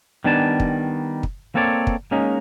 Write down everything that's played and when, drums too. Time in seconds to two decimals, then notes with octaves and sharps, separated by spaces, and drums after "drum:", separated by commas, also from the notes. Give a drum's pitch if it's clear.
0.24 D#3 G3 B3 D4 G#5 A5
0.60 drum: kick
1.23 drum: kick
1.55 A#3 C4 A4 C#5 D5
1.87 drum: kick
2.11 G#3 A#3 C#4 D#4